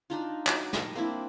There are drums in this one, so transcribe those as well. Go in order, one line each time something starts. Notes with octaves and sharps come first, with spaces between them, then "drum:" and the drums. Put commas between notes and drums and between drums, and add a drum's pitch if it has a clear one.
D4 D#4 F4
F#3, drum: clap
G3 D#5 A5, drum: snare
A#3 C4 D4 E4